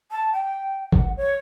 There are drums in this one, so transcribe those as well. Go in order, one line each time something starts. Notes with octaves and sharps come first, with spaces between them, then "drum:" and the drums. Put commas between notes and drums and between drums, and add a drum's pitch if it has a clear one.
A5
G5
F#5, drum: kick
C#5